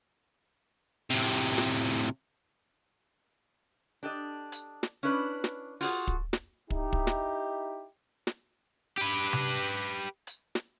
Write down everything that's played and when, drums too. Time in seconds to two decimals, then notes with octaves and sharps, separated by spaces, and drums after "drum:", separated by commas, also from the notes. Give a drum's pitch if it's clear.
1.10 A2 C3, drum: hi-hat
1.58 drum: snare
4.03 D4 G4 A4 D#5
4.52 drum: hi-hat
4.83 drum: snare
5.03 C#4 D4 E4 B4 D5
5.44 drum: snare
5.81 F4 F#4 G#4 A4, drum: open hi-hat
6.07 drum: kick
6.33 drum: snare
6.70 D#4 E4 G4, drum: kick
6.93 drum: kick
7.07 drum: snare
8.27 drum: snare
8.98 G4 B4
9.33 drum: tom C3
10.27 drum: hi-hat
10.55 drum: snare